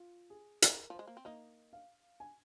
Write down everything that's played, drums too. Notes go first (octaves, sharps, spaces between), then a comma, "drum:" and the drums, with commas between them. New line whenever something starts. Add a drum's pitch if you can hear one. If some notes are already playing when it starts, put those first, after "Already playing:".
Already playing: F4
G#4
A#4, drum: hi-hat
F3
C5
G#3
A#3
C4
A#3 D#4 D#5
F5
G#5